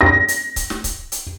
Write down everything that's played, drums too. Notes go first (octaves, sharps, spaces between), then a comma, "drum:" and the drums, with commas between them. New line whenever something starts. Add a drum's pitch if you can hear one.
A#6
drum: hi-hat
drum: kick C#1, hi-hat
drum: snare
drum: kick C#1, hi-hat
drum: hi-hat